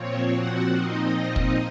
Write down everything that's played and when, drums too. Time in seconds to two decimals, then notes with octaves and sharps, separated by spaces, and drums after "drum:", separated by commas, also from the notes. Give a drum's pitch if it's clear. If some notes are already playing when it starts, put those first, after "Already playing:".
Already playing: A#2 F3 C4 C#5
0.33 F#4 F#5
0.74 D#4 D#5
1.36 drum: kick